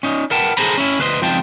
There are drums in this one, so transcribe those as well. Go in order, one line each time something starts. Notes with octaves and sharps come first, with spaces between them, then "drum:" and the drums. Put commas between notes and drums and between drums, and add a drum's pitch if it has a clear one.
C#4 D#4
A#4 B4 F#5 G5 A5
G#4 A4 C5 A#5 B5, drum: cymbal
C#4 E4
D2 B4 C5 D#5 C6
C#2 F3 C4 D#4 G5 A5